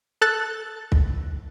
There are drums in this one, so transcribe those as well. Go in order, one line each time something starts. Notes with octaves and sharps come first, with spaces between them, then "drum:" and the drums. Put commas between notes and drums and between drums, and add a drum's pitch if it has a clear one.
A4 F#6 A6
drum: kick